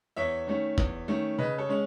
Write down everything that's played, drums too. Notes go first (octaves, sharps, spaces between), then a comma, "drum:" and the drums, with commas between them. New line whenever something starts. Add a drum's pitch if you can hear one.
E2 C#5 E5
D#3 A3 C#4
E2, drum: kick
D#3 A3 C#4
C#3 B4 D#5
A4 C#5
G#3 C#4